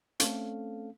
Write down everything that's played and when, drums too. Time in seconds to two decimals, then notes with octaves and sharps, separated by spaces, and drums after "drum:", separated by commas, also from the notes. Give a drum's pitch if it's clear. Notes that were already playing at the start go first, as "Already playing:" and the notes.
0.20 A3 C4 C#4 A4 F5, drum: hi-hat